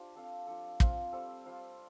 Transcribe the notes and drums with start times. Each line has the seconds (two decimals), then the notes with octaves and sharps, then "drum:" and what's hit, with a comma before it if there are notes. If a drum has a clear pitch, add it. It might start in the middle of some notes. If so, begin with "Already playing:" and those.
Already playing: D4 F4 G4 C5
0.15 C4 A4 F5
0.47 F3 D4 A4
0.80 C4 F4 C5 F5, drum: kick
1.12 G3 C4 A4 C5
1.46 G3 F4 C5